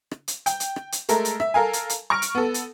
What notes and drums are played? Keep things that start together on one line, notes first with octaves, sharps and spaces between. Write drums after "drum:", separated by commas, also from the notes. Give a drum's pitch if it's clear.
drum: rim click
drum: hi-hat
G5, drum: hi-hat
drum: hi-hat
drum: rim click
drum: hi-hat
G#3 A3 A4 A#4, drum: hi-hat
drum: hi-hat
E5, drum: rim click
A4 A#4 F5 G#5
drum: hi-hat
drum: hi-hat
C#6 F6 A#6 D7
drum: hi-hat
B3 A4
drum: hi-hat